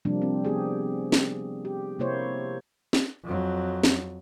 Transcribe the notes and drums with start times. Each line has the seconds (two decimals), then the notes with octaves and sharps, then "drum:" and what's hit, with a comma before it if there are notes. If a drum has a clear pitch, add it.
0.05 C3 F3 G3 A#3 D4
0.22 C4
0.45 F3 B3 G4 G#4
1.12 drum: snare
1.65 G4
1.99 C3 A#3 E4 C5 C#5
2.93 drum: snare
3.24 F2 F#3
3.84 drum: snare